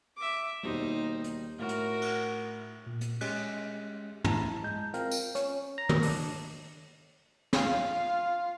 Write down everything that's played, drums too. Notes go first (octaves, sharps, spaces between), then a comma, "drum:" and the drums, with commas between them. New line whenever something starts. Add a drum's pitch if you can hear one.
E5 D6
D#2 B2 G3 D#4 C5
drum: hi-hat
A2 F#4 A#4
drum: hi-hat
drum: cymbal
A#2
drum: hi-hat
G#3 C#4 G4 F#6 B6, drum: cymbal
E4 A5 A#5, drum: tom
G#3 G6
C4 F4 A#4 F5, drum: hi-hat
drum: tambourine
C#4, drum: hi-hat
A#5
drum: tom
D4, drum: open hi-hat
F4 F5, drum: snare